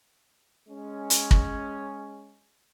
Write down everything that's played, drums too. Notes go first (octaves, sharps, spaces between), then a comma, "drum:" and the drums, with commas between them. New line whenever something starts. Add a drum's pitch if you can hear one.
G#3 C#4
drum: hi-hat
drum: kick